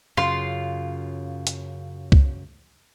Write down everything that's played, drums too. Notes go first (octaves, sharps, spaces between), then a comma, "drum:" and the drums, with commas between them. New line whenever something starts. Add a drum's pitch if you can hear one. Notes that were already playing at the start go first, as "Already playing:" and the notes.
F#2 C#3 F4 C6
drum: hi-hat
drum: kick